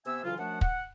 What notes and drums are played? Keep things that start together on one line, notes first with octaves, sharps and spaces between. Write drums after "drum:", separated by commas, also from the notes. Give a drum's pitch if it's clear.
C3 B3 C5 E5 G#5 E6
D2 C#3 E3 F#3 F4
F#2 F3 A3 D4 F#5
F#5, drum: kick